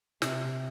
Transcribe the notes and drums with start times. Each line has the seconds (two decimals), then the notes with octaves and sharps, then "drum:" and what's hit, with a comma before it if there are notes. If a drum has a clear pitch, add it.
0.22 C3, drum: snare